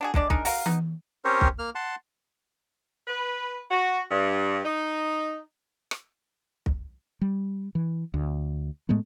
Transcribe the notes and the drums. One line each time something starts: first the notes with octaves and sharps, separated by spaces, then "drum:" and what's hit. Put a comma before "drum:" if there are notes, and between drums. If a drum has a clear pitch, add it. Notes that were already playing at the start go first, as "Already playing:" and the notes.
D4 F#4 G#4
D3 G#3 D4 D5, drum: kick
D4 D#4 G#4 A#4, drum: kick
F#4 A#4 F5, drum: open hi-hat
B3 D#4, drum: tom E3
C4 C#4 G4 A#4 C5 C#5
drum: kick
A#3 F6
F#5 A5 C6
B4
F#4
G2
D#4
drum: rim click
drum: kick
G3
E3
D2
A2 G#3 A3 B3